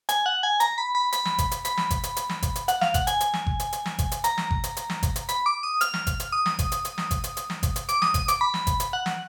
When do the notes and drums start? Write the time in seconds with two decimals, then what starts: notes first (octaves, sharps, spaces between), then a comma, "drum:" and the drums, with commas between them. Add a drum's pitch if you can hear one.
0.09 G#5, drum: hi-hat
0.26 F#5
0.43 G#5
0.60 A#5, drum: hi-hat
0.78 B5
0.95 B5
1.13 B5, drum: hi-hat
1.25 drum: snare
1.38 drum: kick G#1, hi-hat
1.51 drum: hi-hat
1.65 B5, drum: hi-hat
1.77 drum: snare
1.90 drum: kick G#1, hi-hat
2.03 drum: hi-hat
2.16 drum: hi-hat
2.29 drum: snare
2.42 drum: kick G#1, hi-hat
2.55 drum: hi-hat
2.68 F#5, drum: hi-hat
2.81 F5, drum: snare
2.94 F#5, drum: kick G#1, hi-hat
3.07 G#5, drum: hi-hat
3.21 drum: hi-hat
3.34 drum: snare
3.47 drum: kick G#1
3.60 drum: hi-hat
3.73 drum: hi-hat
3.86 drum: snare
3.99 drum: kick G#1, hi-hat
4.12 drum: hi-hat
4.24 A#5, drum: hi-hat
4.38 drum: snare
4.51 drum: kick G#1
4.64 drum: hi-hat
4.77 drum: hi-hat
4.90 drum: snare
5.03 drum: kick G#1, hi-hat
5.16 drum: hi-hat
5.29 B5, drum: hi-hat
5.46 D6
5.63 D#6
5.81 F6, drum: hi-hat
5.94 drum: snare
6.07 drum: kick G#1, hi-hat
6.20 drum: hi-hat
6.32 D#6
6.46 drum: snare
6.59 drum: kick G#1, hi-hat
6.72 drum: hi-hat
6.85 drum: hi-hat
6.98 drum: snare
7.11 drum: kick G#1, hi-hat
7.24 drum: hi-hat
7.37 drum: hi-hat
7.50 drum: snare
7.63 drum: kick G#1, hi-hat
7.76 drum: hi-hat
7.89 D6, drum: hi-hat
8.02 D#6, drum: snare
8.14 D#6, drum: kick G#1, hi-hat
8.28 D6, drum: hi-hat
8.41 B5
8.54 drum: snare
8.67 drum: kick G#1, hi-hat
8.80 drum: hi-hat
8.93 F#5
9.06 drum: snare